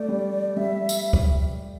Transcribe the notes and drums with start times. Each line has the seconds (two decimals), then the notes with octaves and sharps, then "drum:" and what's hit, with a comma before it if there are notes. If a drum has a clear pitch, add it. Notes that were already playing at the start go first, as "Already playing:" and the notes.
Already playing: A3 D5
0.08 G3
0.57 G3 E5
0.89 drum: tambourine
1.13 drum: kick C#2